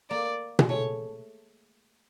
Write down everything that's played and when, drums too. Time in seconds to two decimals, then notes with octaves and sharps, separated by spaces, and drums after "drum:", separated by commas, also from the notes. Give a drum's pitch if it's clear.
0.10 A#3 D5
0.59 G#3, drum: tom B2
0.69 A3 C#5